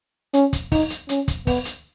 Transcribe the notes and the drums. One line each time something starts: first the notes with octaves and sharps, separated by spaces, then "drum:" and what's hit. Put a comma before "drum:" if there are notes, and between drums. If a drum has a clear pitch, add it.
C#4, drum: hi-hat
drum: kick, hi-hat
D#4, drum: kick, open hi-hat
drum: hi-hat
C#4, drum: hi-hat
drum: kick, hi-hat
B3, drum: kick, open hi-hat
drum: hi-hat